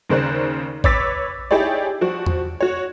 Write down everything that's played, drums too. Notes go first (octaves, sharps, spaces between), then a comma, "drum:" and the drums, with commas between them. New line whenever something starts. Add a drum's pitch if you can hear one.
D#2 C#3 A#4 C5 D5 F#6
B4 C#5 D6 E6 A6 B6, drum: kick
D#4 E4 G4 G#4 C#5 D5
F3 F#4
drum: tom E2
F#4 C#5